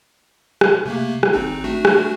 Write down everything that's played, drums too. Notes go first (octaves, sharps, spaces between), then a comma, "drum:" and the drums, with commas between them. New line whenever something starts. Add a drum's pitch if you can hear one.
drum: rim click
C3 A3 A#3
drum: rim click
G#1 C4 D#4
A3 D4 F#4
drum: rim click